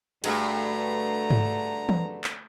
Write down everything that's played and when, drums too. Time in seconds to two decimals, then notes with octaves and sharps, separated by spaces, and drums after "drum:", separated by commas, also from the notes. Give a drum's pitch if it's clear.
0.24 G2 D3 A3 F#4 G#4 A#5, drum: cymbal
1.30 drum: tom G#2
1.89 drum: tom E3
2.24 drum: clap